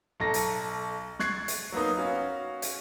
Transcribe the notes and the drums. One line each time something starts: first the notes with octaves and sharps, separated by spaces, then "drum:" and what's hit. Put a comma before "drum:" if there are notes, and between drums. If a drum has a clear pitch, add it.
B1 A4 A#5 A#6
drum: hi-hat
C#6 F#6 G#6 A6 C7, drum: snare
drum: hi-hat
F#3 A#3 B3 D#4
C#4 F#4 F5
drum: hi-hat